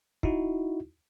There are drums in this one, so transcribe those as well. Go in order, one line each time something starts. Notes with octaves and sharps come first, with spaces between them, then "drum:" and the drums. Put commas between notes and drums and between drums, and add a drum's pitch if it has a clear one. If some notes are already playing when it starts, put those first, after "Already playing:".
D#4 E4 F#4, drum: kick